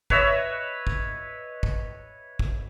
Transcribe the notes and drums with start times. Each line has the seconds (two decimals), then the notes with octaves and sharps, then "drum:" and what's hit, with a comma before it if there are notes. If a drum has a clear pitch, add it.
0.10 B4 C#5 D#5 E5, drum: kick
0.87 drum: kick
1.63 drum: kick
2.39 drum: kick